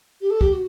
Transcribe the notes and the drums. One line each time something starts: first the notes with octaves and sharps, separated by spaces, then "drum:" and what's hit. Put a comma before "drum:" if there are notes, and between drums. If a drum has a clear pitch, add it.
G4
A4
G4, drum: kick
F#4